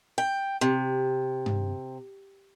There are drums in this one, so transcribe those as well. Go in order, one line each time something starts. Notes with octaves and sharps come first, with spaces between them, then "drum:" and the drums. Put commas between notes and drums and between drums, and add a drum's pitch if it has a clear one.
G5
C3
drum: tom G2